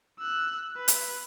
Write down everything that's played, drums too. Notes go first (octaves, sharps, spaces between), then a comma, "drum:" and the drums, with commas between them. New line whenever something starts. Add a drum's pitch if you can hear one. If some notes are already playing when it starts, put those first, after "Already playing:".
E6 F#6
B4
drum: hi-hat